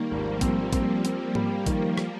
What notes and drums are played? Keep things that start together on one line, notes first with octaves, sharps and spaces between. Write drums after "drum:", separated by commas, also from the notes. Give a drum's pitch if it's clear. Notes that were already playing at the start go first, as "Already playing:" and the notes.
Already playing: D#3 G3 A#3
G#1 F3
C4, drum: kick A1, hi-hat
C4, drum: kick A1, hi-hat
C4, drum: hi-hat
G3, drum: tom G#2
D#3, drum: kick A1, hi-hat
drum: rim click